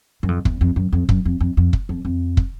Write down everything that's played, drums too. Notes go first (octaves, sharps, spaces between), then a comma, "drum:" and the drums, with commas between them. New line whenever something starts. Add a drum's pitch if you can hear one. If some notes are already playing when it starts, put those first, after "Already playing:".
F#2
F2
E2, drum: kick
F2
F#2
F2
F#2, drum: kick
F2
F2
F2
drum: kick
F2
F2
drum: kick